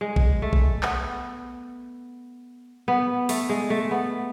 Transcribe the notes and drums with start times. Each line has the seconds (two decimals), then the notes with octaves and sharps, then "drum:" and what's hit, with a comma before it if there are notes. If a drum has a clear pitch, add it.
0.01 G#3
0.16 drum: kick
0.42 A3
0.53 drum: kick
0.83 B3, drum: clap
2.88 B3
3.29 A3, drum: open hi-hat
3.49 G#3
3.70 A3
3.91 B3